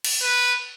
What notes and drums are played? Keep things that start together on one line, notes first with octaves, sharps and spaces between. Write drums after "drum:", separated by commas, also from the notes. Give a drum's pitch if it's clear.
drum: cymbal
B4